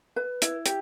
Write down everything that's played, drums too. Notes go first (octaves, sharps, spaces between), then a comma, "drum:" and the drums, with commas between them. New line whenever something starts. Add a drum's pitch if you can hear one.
B4
E4, drum: hi-hat
G4, drum: hi-hat